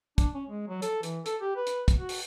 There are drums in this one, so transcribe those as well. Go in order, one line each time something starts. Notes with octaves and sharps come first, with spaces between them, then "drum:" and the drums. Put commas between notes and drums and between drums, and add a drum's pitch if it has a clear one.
D4, drum: kick, hi-hat
C#4
G#3
F#3
A4, drum: hi-hat
E3, drum: hi-hat
A4, drum: hi-hat
G4
B4
drum: hi-hat
drum: kick, hi-hat
F#4
drum: open hi-hat